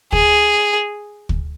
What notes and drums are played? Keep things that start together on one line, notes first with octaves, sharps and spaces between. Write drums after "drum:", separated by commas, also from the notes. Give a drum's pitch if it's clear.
G#4, drum: kick
drum: kick